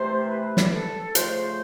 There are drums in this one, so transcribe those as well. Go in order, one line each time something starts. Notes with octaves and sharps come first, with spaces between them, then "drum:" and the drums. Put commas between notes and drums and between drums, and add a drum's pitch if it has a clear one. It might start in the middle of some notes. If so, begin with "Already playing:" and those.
Already playing: C3 E3 A3 C5
B4
drum: snare
A4
C#3 F3 A3 C5, drum: hi-hat